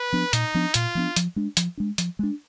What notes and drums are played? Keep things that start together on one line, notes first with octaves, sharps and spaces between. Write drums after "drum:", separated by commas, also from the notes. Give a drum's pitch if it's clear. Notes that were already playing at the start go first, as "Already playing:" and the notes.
Already playing: B4
F3 B3 D4
A#2 D#4, drum: hi-hat
F3 B3 D4
A#2 F4, drum: hi-hat
F3 B3 D4
F3, drum: hi-hat
G#3 D4
F3, drum: hi-hat
G#3 D4
F3, drum: hi-hat
G#3 D4